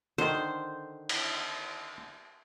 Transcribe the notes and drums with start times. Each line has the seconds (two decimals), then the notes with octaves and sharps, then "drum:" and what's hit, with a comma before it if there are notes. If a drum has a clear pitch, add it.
0.18 D3 D#3 C5
1.09 drum: cymbal